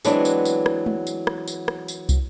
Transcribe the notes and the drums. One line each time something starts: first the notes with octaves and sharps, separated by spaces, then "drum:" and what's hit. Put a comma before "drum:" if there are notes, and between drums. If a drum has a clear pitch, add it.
E3 F#3 G#3 B3 C4 D4, drum: tambourine
drum: tambourine
drum: tambourine
drum: rim click
drum: tom G#3
drum: tambourine
drum: rim click
drum: tambourine
drum: rim click
drum: tambourine
drum: kick, tambourine